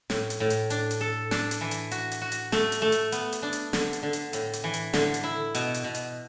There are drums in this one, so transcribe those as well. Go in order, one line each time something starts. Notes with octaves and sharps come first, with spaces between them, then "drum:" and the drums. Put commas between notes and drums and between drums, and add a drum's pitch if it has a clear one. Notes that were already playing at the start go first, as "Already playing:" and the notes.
A2, drum: snare
drum: hi-hat
A2
drum: hi-hat
D4, drum: hi-hat
drum: hi-hat
A4
D4, drum: snare
drum: hi-hat
E3
drum: hi-hat
F#4, drum: hi-hat
drum: hi-hat
F#4
drum: hi-hat
A3, drum: snare
drum: hi-hat
A3
drum: hi-hat
B3, drum: hi-hat
drum: hi-hat
D4
drum: hi-hat
D3, drum: snare
drum: hi-hat
D3
drum: hi-hat
A2, drum: hi-hat
drum: hi-hat
E3
drum: hi-hat
D3, drum: snare
drum: hi-hat
E4
B2, drum: hi-hat
drum: hi-hat
B2
drum: hi-hat